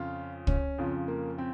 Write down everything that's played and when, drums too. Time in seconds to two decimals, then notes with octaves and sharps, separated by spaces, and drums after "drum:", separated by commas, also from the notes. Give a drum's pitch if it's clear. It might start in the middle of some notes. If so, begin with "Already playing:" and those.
Already playing: F2 C#3 F3 F4
0.47 C#4, drum: kick
0.78 F2 C#3 F3
1.08 A#3
1.38 C4